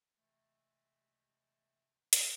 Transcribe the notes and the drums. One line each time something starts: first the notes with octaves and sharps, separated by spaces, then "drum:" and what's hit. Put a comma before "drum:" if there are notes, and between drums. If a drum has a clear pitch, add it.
C3 E3 G#3 A3
drum: hi-hat